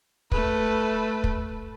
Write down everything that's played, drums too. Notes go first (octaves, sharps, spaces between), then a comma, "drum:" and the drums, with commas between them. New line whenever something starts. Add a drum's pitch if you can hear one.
A3 B4, drum: kick
drum: kick